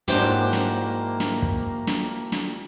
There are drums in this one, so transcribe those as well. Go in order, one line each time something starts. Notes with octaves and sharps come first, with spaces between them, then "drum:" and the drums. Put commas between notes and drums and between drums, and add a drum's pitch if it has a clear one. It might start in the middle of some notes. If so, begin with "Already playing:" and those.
G#2 E3 F#3 A#3 D4 G4 C5, drum: snare
drum: snare
drum: snare
drum: kick
drum: snare
drum: snare